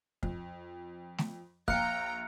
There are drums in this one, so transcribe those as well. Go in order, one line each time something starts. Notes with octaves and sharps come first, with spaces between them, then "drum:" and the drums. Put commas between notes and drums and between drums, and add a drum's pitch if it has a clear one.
F2, drum: kick
drum: snare A3
A#1 F5 G5 A#5 F#6 C#7, drum: kick